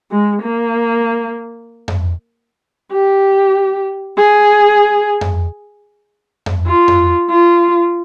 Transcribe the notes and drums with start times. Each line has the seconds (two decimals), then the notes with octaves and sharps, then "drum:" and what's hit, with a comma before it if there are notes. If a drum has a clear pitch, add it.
0.11 G#3
0.42 A#3
1.88 drum: tom F2
2.92 G4
4.18 G#4
5.21 drum: tom F2
6.46 drum: tom F2
6.66 F4
6.88 drum: tom F2
7.30 F4